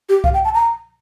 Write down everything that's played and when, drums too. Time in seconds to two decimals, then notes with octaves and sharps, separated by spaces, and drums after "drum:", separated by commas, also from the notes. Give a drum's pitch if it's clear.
0.09 G4
0.24 F5, drum: kick C2
0.34 G5
0.45 A5
0.54 A#5